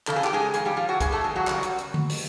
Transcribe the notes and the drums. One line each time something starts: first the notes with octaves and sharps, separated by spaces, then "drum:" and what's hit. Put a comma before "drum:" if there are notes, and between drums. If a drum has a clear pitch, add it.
F2 C#3 A3 A4, drum: clap
G#4
G4, drum: clap
G#3 G#4
F2 C#3 G#4, drum: hi-hat
G3 G4
F3 F4
F#3 F#4
E2 C#3 G3 G#4, drum: kick, hi-hat
A3 A4
G#3 G#4
F#3 F#4
E2 C#3 G3, drum: clap
drum: hi-hat
drum: hi-hat
drum: tom D3
drum: open hi-hat